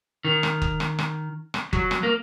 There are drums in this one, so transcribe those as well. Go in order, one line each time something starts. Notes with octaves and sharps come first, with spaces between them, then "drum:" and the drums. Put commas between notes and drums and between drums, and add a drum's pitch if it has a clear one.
D#3
drum: rim click
drum: kick F#1
drum: rim click
drum: rim click
drum: rim click
F#3, drum: kick F#1
drum: rim click
A#3